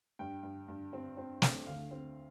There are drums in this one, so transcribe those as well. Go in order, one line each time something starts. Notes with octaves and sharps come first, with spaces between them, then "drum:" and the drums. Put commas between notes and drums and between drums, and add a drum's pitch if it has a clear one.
G2 G5
G2
G2
C4
C4
C4, drum: snare
D2 F5
C4